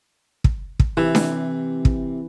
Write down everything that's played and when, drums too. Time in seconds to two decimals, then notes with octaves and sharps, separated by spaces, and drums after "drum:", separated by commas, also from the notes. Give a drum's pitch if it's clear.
0.44 drum: kick
0.80 drum: kick
0.97 C3 E3
1.15 drum: snare D4
1.85 drum: kick